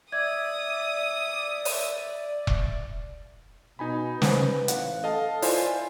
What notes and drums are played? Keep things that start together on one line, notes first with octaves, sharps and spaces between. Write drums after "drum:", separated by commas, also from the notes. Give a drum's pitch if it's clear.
D5 E5 D#6 G#6
drum: open hi-hat
drum: kick E1
B2 D#4 G#5 B5
B4 C5, drum: snare
A1 F5 F#5, drum: hi-hat
A4 D#5 F5 A5
E4 F4 C5 D5 G#5, drum: open hi-hat